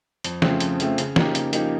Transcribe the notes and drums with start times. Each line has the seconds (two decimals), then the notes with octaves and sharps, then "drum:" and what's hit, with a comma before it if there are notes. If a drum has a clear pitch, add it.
0.24 F2, drum: hi-hat
0.42 C#3 F3 A3 C4, drum: snare
0.60 F2, drum: hi-hat
0.80 C#3 F3 A3 C4, drum: hi-hat
0.98 C#3, drum: hi-hat
1.16 F3 A#3 D#4 G4, drum: snare
1.35 C#3, drum: hi-hat
1.53 F3 A#3 D#4 G4, drum: hi-hat